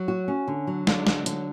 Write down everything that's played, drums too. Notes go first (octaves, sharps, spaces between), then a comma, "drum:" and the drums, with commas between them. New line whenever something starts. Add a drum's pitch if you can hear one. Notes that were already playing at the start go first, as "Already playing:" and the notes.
Already playing: F#3
F#4
C#4
D3
F#3
D3, drum: snare
F#3, drum: snare
D3, drum: hi-hat